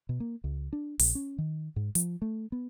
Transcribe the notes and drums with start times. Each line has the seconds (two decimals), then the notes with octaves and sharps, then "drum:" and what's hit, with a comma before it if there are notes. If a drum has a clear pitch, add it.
0.09 B2
0.20 A#3
0.44 C#2
0.73 D4
0.99 A#1, drum: open hi-hat
1.15 C#4
1.38 D#3
1.76 G#2
1.95 F3, drum: hi-hat
2.22 A3
2.52 B3